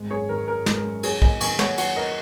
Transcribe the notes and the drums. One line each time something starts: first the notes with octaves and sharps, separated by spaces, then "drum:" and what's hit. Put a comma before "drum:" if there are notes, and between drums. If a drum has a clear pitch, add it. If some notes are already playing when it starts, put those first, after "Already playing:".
Already playing: G#1 G#3
F#2 G#4 C#5
D#3 A#4
F#2 A#4
G#3, drum: snare
A#4
F#2
F#3 G#4 C#5, drum: cymbal
D#2 D#5 G#5, drum: kick
D#3 G#5 C#6, drum: cymbal
A#3 C#5 F#5, drum: snare
F#3 C#5 F#5, drum: cymbal
A#4 D#5